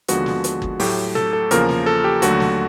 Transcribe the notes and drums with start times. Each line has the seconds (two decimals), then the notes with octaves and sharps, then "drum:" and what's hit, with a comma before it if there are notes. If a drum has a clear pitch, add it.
0.08 D#2 D3 F3 G#3 B3 F#4, drum: hi-hat
0.26 drum: snare
0.44 drum: hi-hat
0.62 drum: kick G1
0.80 A2 F#3 A3 G4, drum: open hi-hat
1.15 A4, drum: snare
1.33 A4
1.51 E2 C#3 F3 A#3 A#4, drum: hi-hat
1.69 drum: snare
1.86 A4
2.04 G4
2.22 D#2 D3 F#3 A3 F#4, drum: hi-hat
2.40 drum: snare